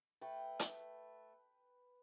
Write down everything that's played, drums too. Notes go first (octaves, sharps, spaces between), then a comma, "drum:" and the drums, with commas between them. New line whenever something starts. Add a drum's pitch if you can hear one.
A3 B4 G5
drum: hi-hat